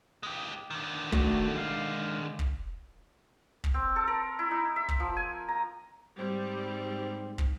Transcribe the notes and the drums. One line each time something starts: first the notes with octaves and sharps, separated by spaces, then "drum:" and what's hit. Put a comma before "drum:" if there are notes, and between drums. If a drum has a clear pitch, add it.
G#3 G4
D3 D#3
A3 F#4 D5, drum: kick
G#3 F5
drum: kick
drum: kick
C4
A4
A#4
E4
D#4
E5
drum: kick
F3
G#5
A#5
G#2 G3 C4
drum: kick